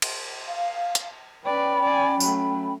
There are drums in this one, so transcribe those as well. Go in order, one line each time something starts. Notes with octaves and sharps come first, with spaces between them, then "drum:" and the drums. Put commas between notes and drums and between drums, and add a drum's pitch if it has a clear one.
drum: cymbal
F5
drum: hi-hat
C#4 B4 D5 G5 B5
D5 G#5
F#3 A3, drum: tambourine